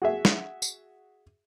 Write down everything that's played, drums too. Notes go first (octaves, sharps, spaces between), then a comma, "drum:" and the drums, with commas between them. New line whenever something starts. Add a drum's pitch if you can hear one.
F#4 G#4 E5
drum: snare
drum: tambourine